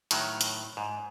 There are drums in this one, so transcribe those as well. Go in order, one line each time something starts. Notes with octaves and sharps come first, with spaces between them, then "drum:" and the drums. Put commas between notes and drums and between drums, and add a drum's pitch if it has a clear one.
A2 D#3 F#3, drum: hi-hat
drum: hi-hat
G#2